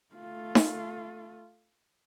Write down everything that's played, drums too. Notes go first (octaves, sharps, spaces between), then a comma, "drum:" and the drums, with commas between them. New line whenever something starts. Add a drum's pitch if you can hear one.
A3 F4
drum: snare D#4